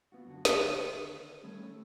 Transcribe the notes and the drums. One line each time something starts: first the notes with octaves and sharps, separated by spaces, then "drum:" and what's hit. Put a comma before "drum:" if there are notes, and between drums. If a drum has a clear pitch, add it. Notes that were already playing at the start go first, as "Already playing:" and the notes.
B3 F4 F#4
F#2 D3 F#4
D#2 D3, drum: snare
D#3 G3 A3 C#4
A3